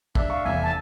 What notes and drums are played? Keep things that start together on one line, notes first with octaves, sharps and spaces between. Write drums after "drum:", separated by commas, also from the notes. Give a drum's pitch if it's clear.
D4 E5, drum: kick
F5 C#6
F1 E2 E5 G#5
A5